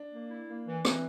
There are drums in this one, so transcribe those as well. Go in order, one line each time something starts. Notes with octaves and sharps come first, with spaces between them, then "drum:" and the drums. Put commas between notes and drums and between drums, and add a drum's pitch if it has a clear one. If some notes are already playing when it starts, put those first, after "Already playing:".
Already playing: D4
A#3
E4
A#3
E3
E3, drum: rim click